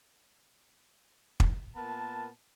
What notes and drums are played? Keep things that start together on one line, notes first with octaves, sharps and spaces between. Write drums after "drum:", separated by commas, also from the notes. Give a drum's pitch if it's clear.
drum: kick
A#2 B3 A#4 A5